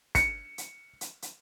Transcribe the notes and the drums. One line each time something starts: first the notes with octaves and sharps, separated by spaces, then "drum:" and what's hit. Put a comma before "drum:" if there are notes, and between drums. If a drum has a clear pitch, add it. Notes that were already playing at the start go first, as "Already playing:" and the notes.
C#7, drum: kick, hi-hat
drum: hi-hat
drum: hi-hat
drum: hi-hat